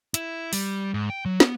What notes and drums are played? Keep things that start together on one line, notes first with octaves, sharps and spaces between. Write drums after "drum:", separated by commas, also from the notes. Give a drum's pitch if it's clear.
E4, drum: hi-hat
G3, drum: open hi-hat
G#2
G5
F#3
B3, drum: snare